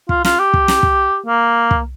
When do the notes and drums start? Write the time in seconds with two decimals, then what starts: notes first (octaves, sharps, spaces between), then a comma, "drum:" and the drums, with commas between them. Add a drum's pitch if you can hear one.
0.09 F4, drum: kick
0.25 F4, drum: snare
0.39 G4
0.54 drum: kick
0.68 drum: snare
0.83 drum: kick
1.26 A#3
1.71 drum: kick